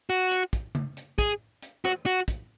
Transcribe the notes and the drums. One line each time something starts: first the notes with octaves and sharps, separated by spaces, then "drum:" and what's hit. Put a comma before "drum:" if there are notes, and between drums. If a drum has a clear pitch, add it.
F#4
drum: hi-hat
drum: kick, hi-hat
drum: tom C#3
drum: hi-hat
G#4, drum: kick, hi-hat
drum: hi-hat
F#4, drum: rim click
F#4, drum: hi-hat
drum: kick, hi-hat